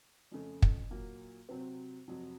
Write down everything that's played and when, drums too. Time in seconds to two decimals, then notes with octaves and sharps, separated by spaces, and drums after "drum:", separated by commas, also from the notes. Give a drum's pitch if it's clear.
0.32 F2 C#3 A3
0.62 drum: kick
0.90 A#2 F#3 A#3
1.49 C3 F#3 C4
2.08 F2 C3 F#3